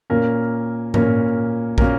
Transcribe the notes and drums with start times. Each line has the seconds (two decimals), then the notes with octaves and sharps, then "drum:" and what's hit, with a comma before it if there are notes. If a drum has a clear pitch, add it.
0.10 A#2 A#3 C#4 A#4
0.94 A#2 A#3 C#4 A#4, drum: tom G#2
1.78 A#2 A#3 C#4 A#4, drum: kick